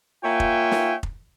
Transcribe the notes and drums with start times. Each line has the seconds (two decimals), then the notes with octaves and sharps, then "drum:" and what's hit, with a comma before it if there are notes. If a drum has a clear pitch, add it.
0.24 A#3 F4 C#5 E5 G5 G#5
0.40 drum: kick F1
0.71 drum: snare
1.03 drum: kick F1